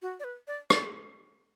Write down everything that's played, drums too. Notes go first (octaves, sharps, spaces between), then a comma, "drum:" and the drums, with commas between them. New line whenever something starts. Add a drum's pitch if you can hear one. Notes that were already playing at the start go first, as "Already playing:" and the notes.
F#4
D5
B4
D5
D5, drum: rim click